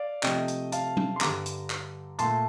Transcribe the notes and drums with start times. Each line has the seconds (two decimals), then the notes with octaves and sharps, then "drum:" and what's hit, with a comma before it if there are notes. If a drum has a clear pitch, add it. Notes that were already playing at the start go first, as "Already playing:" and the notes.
Already playing: D5 F5
0.23 C3 F3 A3 D#5 G5, drum: clap
0.48 drum: hi-hat
0.72 F5 A5, drum: hi-hat
0.97 drum: tom F#3
1.16 C6
1.21 G2 D3 G3 A#5 D6, drum: clap
1.46 drum: hi-hat
1.70 drum: clap
2.19 A#2 A3 A5 C6, drum: hi-hat